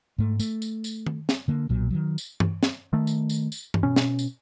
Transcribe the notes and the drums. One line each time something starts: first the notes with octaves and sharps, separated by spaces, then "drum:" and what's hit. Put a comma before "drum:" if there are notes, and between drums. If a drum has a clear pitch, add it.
G#2 A3
A3, drum: tambourine
drum: tambourine
drum: tambourine
drum: tom
drum: snare
D3 A#3
B1 A#2 F#3
D#3 E3 F#3
drum: tambourine
drum: tom G2
drum: snare
D#3 A3
drum: tambourine
drum: tambourine
drum: tambourine
drum: tom G2
B2 C#4
drum: snare
drum: tambourine